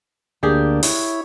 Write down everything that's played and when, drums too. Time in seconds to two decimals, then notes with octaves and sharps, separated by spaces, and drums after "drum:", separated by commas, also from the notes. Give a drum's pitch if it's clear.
0.43 D2 A#3 D4 G4 G#4
0.83 E4 C#5, drum: open hi-hat